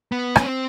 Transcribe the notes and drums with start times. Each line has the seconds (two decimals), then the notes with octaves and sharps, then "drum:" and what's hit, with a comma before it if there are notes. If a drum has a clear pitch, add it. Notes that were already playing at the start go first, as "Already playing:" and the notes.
0.12 B3
0.36 C#4, drum: rim click
0.46 C4